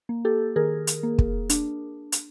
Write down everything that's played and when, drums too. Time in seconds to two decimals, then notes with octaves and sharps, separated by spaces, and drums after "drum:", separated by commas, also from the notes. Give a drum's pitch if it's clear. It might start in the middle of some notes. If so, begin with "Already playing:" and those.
0.09 A#3
0.25 G4 A4
0.56 D#3 G#4 A#4
0.87 drum: hi-hat
1.03 A#3
1.19 drum: kick
1.50 D4, drum: hi-hat
2.12 drum: hi-hat